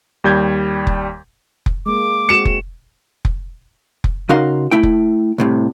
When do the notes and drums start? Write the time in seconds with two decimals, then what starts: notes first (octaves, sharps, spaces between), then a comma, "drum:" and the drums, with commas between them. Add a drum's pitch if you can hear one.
0.24 D#2 G3 G6 G#6
0.87 drum: kick F1
1.66 drum: kick F1
1.86 G#3 A#3 D6
2.29 G#3 C4 F#4 C#7 E7
2.45 drum: kick F1
3.25 drum: kick F1
4.04 drum: kick F1
4.29 C#3 D#4 F#4 A#4 F5 C6
4.71 A3 E4 G5
4.83 drum: kick F1
5.38 C2 A2 C3